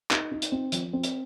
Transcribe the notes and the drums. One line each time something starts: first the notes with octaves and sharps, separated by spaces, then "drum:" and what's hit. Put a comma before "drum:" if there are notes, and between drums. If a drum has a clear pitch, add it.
D#4, drum: clap
D#4
drum: hi-hat
C4
F3, drum: hi-hat
C4
drum: hi-hat